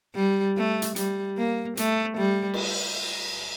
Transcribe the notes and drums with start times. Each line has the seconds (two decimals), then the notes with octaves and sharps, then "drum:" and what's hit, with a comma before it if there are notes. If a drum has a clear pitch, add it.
0.15 G3
0.57 A3
0.82 drum: hi-hat
0.96 G3, drum: hi-hat
1.38 A#3
1.77 A3, drum: hi-hat
2.18 G3
2.54 drum: cymbal